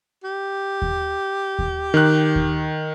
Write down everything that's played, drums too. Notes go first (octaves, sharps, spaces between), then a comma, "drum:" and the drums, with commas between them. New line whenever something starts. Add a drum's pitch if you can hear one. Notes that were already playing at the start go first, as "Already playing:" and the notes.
G4
drum: kick D#2
drum: kick D#2
D#3 F#6
drum: kick D#2